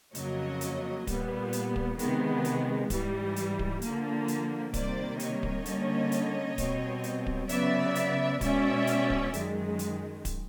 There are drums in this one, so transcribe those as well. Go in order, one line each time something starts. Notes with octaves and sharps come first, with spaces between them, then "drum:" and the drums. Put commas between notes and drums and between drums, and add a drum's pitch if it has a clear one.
F2 C#3 F#3 A#3 C#5 D#5, drum: hi-hat
drum: hi-hat
A#2 G3 B3, drum: kick D1, hi-hat
drum: hi-hat
drum: kick D1
C3 D#3 G#3 B3, drum: hi-hat
drum: hi-hat
G#2 E3 G3, drum: kick D1, hi-hat
drum: hi-hat
drum: kick D1
D3 F3 A#3, drum: hi-hat
drum: hi-hat
C3 D#3 G3 A#3 C5 D5, drum: kick D1, hi-hat
C#5 D#5, drum: hi-hat
drum: kick D1
D3 G3 A#3 C#4, drum: hi-hat
drum: hi-hat
B2 G3 C4, drum: kick D1, hi-hat
drum: hi-hat
drum: kick D1
C#3 F#3 B3 D5 E5, drum: hi-hat
drum: hi-hat
B2 G#3 C#4 D5 E5, drum: kick D1, hi-hat
drum: hi-hat
drum: kick D1
F#2 D#3 G#3, drum: hi-hat
drum: hi-hat
drum: kick D1, hi-hat